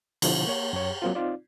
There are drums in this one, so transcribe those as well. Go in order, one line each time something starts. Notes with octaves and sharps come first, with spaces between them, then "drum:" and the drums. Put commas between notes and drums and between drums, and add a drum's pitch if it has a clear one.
B2 D3 F3 E4 A4, drum: cymbal
A#3 C#5
F#2 C#5
F#3 A#3 C4 F4
C4 D#4 F4 D5